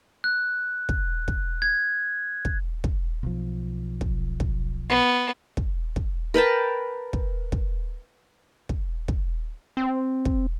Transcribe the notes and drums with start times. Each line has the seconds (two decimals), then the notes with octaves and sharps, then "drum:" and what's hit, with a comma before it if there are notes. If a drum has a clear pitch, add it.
0.24 F#6
0.89 drum: kick
1.28 drum: kick
1.62 G#6
2.45 drum: kick
2.84 drum: kick
3.23 B1 F3
4.01 drum: kick
4.40 drum: kick
4.89 B3
5.57 drum: kick
5.96 drum: kick
6.34 A#4 B4 G5 A5
7.13 drum: kick
7.52 drum: kick
8.69 drum: kick
9.08 drum: kick
9.77 C4
10.25 drum: kick